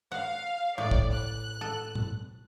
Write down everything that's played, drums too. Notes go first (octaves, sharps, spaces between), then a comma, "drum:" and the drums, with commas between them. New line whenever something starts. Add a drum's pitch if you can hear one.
F5 F#5
A2 D5
drum: kick
F#6
A4
drum: tom A2